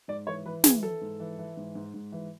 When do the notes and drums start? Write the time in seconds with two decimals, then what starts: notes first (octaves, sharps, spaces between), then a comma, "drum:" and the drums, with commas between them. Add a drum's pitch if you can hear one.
0.08 G#2 D5
0.27 E3 C#5
0.46 E3 B4
0.64 E3 G#4, drum: snare
0.83 E3 A4
1.01 G#2
1.20 E3
1.38 E3
1.57 G#2
1.75 G#2
1.94 G#2
2.12 E3